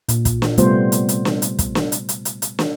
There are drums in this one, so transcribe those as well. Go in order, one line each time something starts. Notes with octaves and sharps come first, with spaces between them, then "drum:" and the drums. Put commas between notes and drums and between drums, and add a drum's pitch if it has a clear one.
A#2, drum: hi-hat
drum: kick, hi-hat
drum: snare
C3 G3 A3 B3 F4 C5, drum: hi-hat
drum: hi-hat
drum: hi-hat
drum: snare
drum: hi-hat
drum: kick, hi-hat
drum: snare
drum: hi-hat
drum: hi-hat
drum: hi-hat
drum: hi-hat
drum: snare